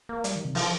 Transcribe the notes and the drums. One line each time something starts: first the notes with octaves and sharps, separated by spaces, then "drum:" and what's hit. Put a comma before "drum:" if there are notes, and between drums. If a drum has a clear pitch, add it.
A#3
G3, drum: hi-hat
D#3
C3
F3, drum: open hi-hat